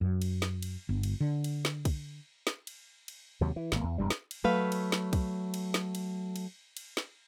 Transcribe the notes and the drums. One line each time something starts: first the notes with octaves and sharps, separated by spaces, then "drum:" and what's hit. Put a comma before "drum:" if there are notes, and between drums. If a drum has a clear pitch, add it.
F#2
drum: cymbal
drum: snare
drum: cymbal
G1
drum: cymbal
D3
drum: cymbal
drum: snare
drum: kick, cymbal
drum: snare
drum: cymbal
drum: cymbal
D#2 C3 F#3
E3
G#1 A#3, drum: snare
E2
E1 G2 G3
drum: snare
drum: cymbal
F#3 A3 B4 F5
drum: cymbal
drum: snare
drum: kick, cymbal
drum: cymbal
drum: snare
drum: cymbal
drum: cymbal
drum: cymbal
drum: snare